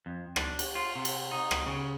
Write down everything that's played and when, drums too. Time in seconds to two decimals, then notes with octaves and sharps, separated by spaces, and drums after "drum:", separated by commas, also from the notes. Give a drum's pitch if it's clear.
0.06 F2
0.36 D4, drum: rim click
0.59 drum: cymbal
0.75 F4
0.96 C3
1.05 drum: cymbal
1.31 D#4
1.51 drum: rim click
1.67 C#3